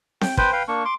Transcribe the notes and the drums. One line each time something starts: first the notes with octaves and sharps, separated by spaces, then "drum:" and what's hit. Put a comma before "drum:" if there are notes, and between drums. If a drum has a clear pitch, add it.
G5, drum: snare C4
B4 C5 G5, drum: kick
B4 F5 G5
A#3 D4 C#6
C6 D6